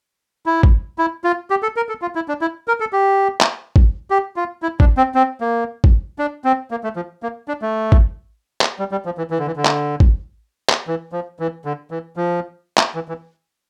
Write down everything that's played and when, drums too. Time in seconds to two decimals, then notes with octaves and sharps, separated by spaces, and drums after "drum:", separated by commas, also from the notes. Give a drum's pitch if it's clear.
0.46 E4
0.63 drum: kick G#1
0.98 E4
1.24 F4
1.50 G4
1.63 A4
1.76 A#4
1.89 A4
2.02 F4
2.15 E4
2.28 D4
2.41 E4
2.68 A#4
2.80 A4
2.93 G4
3.41 drum: clap
3.76 drum: kick G#1
4.10 G4
4.36 F4
4.62 E4
4.80 D4, drum: kick G#1
4.97 C4
5.15 C4
5.41 A#3
5.84 drum: kick G#1
6.19 D4
6.44 C4
6.71 A#3
6.84 A3
6.96 F3
7.23 A#3
7.48 D4
7.62 A3
7.92 drum: kick G#1
8.61 drum: clap
8.79 G3
8.92 G3
9.05 F3
9.18 E3
9.31 E3
9.39 D3
9.47 E3
9.56 D3
9.66 drum: clap
10.00 drum: kick G#1
10.70 drum: clap
10.87 E3
11.12 F3
11.40 E3
11.65 D3
11.91 E3
12.16 F3
12.78 drum: clap
12.95 E3
13.08 E3